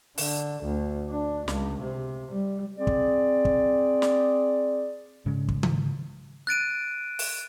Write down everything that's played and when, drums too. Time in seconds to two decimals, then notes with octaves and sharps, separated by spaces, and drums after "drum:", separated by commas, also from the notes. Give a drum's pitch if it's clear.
0.18 D3, drum: open hi-hat
0.63 D2
1.09 D4
1.48 C#2, drum: snare
1.82 C3
2.31 G3
2.77 C4 G#4 D5
2.87 drum: kick
3.45 drum: kick
4.02 drum: snare
5.26 G#2 C#3 G#3 C#4
5.48 drum: kick
5.63 drum: tom D#3
6.47 F#6 A6 D7 D#7
7.19 drum: open hi-hat